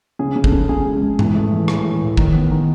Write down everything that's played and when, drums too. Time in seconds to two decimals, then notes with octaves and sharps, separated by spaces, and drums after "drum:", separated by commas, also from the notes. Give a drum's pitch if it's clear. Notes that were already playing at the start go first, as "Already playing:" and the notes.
0.19 C#3 G#4
0.36 C#3
0.44 A4, drum: kick
0.52 C#3
0.69 C#3 G#4
0.85 G#3
1.02 G#3
1.19 E3, drum: tom G#2
1.35 A3
1.52 E3
1.68 A2, drum: rim click
1.85 E3
2.01 A2
2.17 D#3, drum: kick
2.35 B3
2.51 D#3